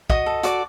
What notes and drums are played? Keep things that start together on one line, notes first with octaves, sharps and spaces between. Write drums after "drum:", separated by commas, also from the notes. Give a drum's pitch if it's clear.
F#4 D#5 D#6, drum: kick
A4
F#4 D5 D6, drum: hi-hat